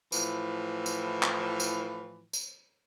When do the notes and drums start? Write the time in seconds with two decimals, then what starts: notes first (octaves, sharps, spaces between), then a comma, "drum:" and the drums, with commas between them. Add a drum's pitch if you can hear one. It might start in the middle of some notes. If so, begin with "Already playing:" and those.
0.12 A2 E3 F3, drum: tambourine
0.86 drum: tambourine
1.23 drum: clap
1.60 drum: tambourine
2.33 drum: tambourine